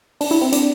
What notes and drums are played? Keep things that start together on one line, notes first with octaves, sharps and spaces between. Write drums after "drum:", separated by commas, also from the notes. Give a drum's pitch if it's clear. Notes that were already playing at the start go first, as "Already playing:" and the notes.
D4, drum: open hi-hat
E4
C4
D4, drum: hi-hat